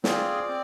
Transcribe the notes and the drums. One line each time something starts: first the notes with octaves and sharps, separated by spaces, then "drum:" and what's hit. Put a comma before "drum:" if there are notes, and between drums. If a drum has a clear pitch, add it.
C4 F4 G#4 D5, drum: snare
C4